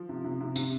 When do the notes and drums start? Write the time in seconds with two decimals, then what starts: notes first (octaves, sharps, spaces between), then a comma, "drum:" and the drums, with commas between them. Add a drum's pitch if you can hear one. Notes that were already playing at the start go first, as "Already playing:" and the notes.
Already playing: F3
0.09 C3
0.24 C3
0.40 C3
0.56 C3, drum: tambourine